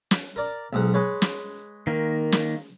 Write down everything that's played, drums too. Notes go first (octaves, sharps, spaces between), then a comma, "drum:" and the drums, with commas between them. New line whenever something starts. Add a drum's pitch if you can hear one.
drum: snare
A#4 D5
B1 G#2 F#5
G#3 B4 C#5
drum: snare
D#3 A#3
drum: snare